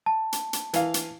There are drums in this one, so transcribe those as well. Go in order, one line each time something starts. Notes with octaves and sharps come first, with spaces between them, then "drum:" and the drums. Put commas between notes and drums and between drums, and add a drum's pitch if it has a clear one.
A5
drum: hi-hat
drum: hi-hat
E3 F5, drum: hi-hat
drum: hi-hat